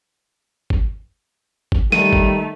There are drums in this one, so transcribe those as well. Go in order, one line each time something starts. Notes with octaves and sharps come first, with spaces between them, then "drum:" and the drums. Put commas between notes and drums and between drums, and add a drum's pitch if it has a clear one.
drum: kick G1
drum: kick G1
D#3 G3 A3 D#7, drum: snare
drum: kick G1